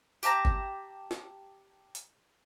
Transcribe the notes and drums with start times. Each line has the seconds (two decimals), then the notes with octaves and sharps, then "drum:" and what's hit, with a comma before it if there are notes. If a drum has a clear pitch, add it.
0.23 G4 E5 A5 A#5, drum: tambourine
0.45 drum: kick G1
1.11 drum: snare
1.95 drum: hi-hat